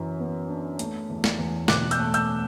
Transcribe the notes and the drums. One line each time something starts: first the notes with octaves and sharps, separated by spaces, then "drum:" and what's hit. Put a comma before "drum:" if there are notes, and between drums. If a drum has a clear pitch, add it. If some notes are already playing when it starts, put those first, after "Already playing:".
Already playing: F#2 E3
B3
D4
A3, drum: hi-hat
E2
drum: snare
E2
B2 D6 F#6, drum: snare
E6 G6, drum: hi-hat
A3
E6 G6, drum: hi-hat